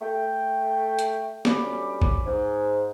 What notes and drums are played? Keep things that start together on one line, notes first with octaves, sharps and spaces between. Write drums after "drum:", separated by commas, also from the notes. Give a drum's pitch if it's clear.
A3 G5
drum: hi-hat
D2 G3 C#4 B5 D6, drum: snare
drum: kick A1
G#2